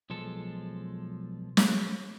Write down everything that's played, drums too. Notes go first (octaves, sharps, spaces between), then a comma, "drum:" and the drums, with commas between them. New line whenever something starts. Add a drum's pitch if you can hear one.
B1 F3 G#3 A4
drum: snare